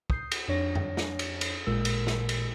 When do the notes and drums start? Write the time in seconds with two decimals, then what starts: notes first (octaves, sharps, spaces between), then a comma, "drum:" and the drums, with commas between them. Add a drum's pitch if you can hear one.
0.10 D#6 G6 C7, drum: kick
0.32 drum: cymbal
0.48 F2 D4 C#5 A#6
0.75 drum: tom F#2
0.97 drum: snare
1.19 drum: cymbal
1.41 drum: cymbal
1.66 A1 A#2 G#3 A#4 E6
1.85 drum: cymbal
2.07 drum: snare
2.29 drum: cymbal